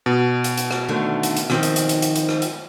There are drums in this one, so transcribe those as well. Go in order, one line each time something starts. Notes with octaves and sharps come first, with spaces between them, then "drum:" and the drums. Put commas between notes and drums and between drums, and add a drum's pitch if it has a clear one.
B2
drum: hi-hat
drum: hi-hat
drum: rim click
D3 D#3 A3
drum: hi-hat
drum: hi-hat
D#3 F3 C4, drum: rim click
drum: hi-hat
drum: hi-hat
drum: hi-hat
drum: hi-hat
drum: hi-hat
drum: rim click
drum: hi-hat